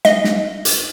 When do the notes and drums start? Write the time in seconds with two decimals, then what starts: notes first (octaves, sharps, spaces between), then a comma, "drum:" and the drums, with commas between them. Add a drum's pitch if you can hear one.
0.05 D#5, drum: snare
0.24 drum: snare
0.65 drum: hi-hat